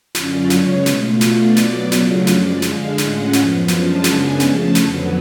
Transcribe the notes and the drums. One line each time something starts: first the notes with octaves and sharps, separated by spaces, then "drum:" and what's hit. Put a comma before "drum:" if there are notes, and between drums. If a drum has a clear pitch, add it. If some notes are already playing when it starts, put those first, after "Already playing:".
F#2 D3 F#3 C#4 F4 D5, drum: snare
C#3 G#3 B3 C#5, drum: snare
B2 A3 F4, drum: snare
B2 A3 D4 F4 D5, drum: snare
B2 F#3 B3 D5, drum: snare
C#3 F#3 A3 D4 F4, drum: snare
F#2 F3 G#3 D5, drum: snare
D3 G#3 D4 F5, drum: snare
A2 G#3 C#4 F4 F#5, drum: snare
F#2 F3 B3, drum: snare
F#2 F3 G#3 D4 F4 A5, drum: snare
F#2 C#3 G#3 B3 D4 G#5, drum: snare
C#3 F3 A3 A5, drum: snare
F2 D3 F#3 B3, drum: snare